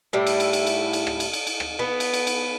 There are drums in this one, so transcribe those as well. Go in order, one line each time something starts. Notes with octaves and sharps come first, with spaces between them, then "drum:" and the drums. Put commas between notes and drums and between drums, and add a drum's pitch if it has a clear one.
A2 G3 E4
drum: cymbal
drum: cymbal
drum: cymbal
drum: cymbal
drum: cymbal
drum: rim click
drum: cymbal
drum: cymbal
drum: cymbal
drum: rim click
B3
drum: cymbal
drum: cymbal
drum: cymbal